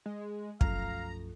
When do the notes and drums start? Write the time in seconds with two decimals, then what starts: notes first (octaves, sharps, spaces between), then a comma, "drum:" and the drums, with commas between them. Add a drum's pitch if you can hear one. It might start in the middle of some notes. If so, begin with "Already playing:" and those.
0.06 G#3
0.61 B1 F#2 F3 A3 F5 A#5, drum: kick